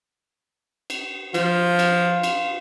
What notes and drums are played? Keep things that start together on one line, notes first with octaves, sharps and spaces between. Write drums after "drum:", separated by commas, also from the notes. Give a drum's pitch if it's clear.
drum: cymbal
F3 F4, drum: cymbal
drum: cymbal
drum: cymbal